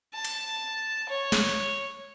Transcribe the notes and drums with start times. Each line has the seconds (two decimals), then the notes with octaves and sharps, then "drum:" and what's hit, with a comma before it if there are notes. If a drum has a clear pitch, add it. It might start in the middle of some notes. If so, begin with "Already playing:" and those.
0.14 A5
0.25 drum: hi-hat
1.09 C#5
1.32 drum: snare